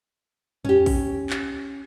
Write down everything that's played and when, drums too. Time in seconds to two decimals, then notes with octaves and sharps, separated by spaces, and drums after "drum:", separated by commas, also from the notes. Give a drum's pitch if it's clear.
0.65 C#4 G4, drum: tom E2
0.86 drum: kick A#1, open hi-hat
1.30 drum: clap